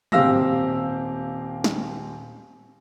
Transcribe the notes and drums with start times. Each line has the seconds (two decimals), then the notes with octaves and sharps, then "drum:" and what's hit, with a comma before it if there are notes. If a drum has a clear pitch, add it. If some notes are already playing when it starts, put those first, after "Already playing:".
0.12 D#1 C4 G4 F5 E6 A#6, drum: tom
1.64 drum: snare